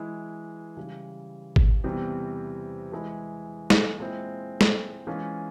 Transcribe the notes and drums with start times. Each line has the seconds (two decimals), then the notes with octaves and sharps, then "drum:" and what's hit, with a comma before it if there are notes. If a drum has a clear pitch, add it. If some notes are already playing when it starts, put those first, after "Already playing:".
Already playing: E3 G#3 E4
0.77 C#3 E3 G3
1.56 drum: kick G#1
1.84 E2 C3 E3 G3 C4
2.92 E3 G#3 E4
3.70 drum: snare
3.99 A#2 G#3 C4 E4
4.61 drum: snare
5.07 E3 G#3 C#4 F4